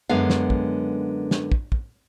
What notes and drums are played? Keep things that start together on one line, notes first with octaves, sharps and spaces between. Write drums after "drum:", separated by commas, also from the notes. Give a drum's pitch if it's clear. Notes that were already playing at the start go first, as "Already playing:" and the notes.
F#2 D3 G#3 B3 F5
drum: snare
drum: kick
drum: snare
drum: kick
drum: kick